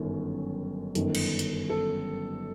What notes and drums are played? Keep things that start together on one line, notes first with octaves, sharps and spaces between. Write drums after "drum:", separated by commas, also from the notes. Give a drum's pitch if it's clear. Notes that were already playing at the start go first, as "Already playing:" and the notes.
Already playing: G1 F#2 D#3
G1 F#2 D#3, drum: hi-hat
drum: cymbal
drum: hi-hat
A4